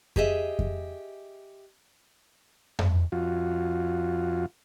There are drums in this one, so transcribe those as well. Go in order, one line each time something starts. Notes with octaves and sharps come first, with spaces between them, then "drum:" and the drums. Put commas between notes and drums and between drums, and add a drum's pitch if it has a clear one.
G4 G#4 D#5 E5, drum: kick F2
drum: kick F2
drum: tom F2
F2 F4 F#4